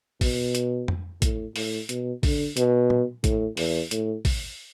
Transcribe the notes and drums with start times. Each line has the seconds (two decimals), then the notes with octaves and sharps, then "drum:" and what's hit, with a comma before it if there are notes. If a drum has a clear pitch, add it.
0.21 B2, drum: kick, open hi-hat
0.55 drum: hi-hat
0.88 drum: tom F2
1.22 A2, drum: kick, hi-hat
1.56 A2, drum: open hi-hat
1.89 B2, drum: hi-hat
2.23 D3, drum: kick, open hi-hat
2.57 B2, drum: hi-hat
2.90 drum: tom
3.24 A2, drum: kick, hi-hat
3.57 E2, drum: open hi-hat
3.91 A2, drum: hi-hat
4.25 drum: kick, open hi-hat